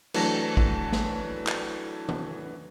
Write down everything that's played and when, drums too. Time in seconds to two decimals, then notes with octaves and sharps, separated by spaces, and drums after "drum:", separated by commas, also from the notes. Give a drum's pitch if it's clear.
0.14 E3 F#3 A3 D4 A5 A#6, drum: cymbal
0.57 drum: kick
0.92 drum: snare
1.47 drum: clap
2.09 drum: tom D#3